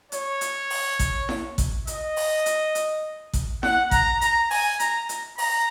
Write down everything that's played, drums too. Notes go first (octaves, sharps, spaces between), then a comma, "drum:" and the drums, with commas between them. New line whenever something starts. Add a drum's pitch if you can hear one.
C#5, drum: hi-hat
drum: hi-hat
drum: open hi-hat
drum: kick, hi-hat
drum: snare E4
drum: kick, hi-hat
D#5, drum: hi-hat
drum: open hi-hat
drum: hi-hat
drum: hi-hat
drum: kick, hi-hat
F#5, drum: snare E4
A#5, drum: kick, hi-hat
A#5, drum: hi-hat
G#5, drum: open hi-hat
A#5, drum: hi-hat
drum: hi-hat
A#5, drum: open hi-hat